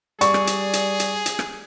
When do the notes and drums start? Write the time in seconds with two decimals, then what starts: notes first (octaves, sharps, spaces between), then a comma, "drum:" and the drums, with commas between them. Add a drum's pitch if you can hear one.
0.21 G3 G#4 D5 C#6, drum: hi-hat
0.34 drum: rim click
0.47 drum: hi-hat
0.73 drum: hi-hat
1.00 drum: hi-hat
1.26 drum: hi-hat
1.39 drum: rim click